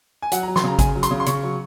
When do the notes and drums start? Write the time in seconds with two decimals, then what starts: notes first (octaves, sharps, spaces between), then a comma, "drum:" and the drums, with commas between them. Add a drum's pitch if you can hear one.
0.22 G#5
0.32 F#3 F#5, drum: hi-hat
0.43 A#5
0.48 F#3
0.56 C6, drum: snare
0.64 C#3 A#5
0.79 C#3 G#5, drum: kick A1, hi-hat
0.95 F#3
1.03 C6, drum: hi-hat
1.11 C#3
1.20 C6
1.26 C#3 C#6, drum: hi-hat
1.43 F#3